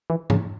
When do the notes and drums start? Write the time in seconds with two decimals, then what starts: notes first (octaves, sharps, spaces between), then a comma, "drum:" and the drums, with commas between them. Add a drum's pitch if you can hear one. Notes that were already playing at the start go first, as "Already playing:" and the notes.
0.10 E3
0.30 C#3, drum: tom G#2